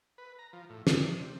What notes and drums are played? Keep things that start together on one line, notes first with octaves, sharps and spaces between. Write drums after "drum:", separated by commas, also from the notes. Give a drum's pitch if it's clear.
B4
A#5
F3
A2
C#3, drum: snare
D5
C3